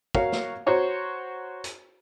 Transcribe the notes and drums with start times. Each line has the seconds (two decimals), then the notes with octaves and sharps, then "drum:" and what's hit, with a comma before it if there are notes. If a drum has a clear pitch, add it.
0.15 F#4 A#4 C#5 F5, drum: kick
0.32 drum: snare
0.66 F#4 C5 C#5 A#5
1.64 drum: hi-hat